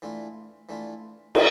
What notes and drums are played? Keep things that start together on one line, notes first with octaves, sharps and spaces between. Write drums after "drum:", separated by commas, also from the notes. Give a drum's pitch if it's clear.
E3 A3 D4 F4
E3 A3 D4 F4
F#3, drum: cymbal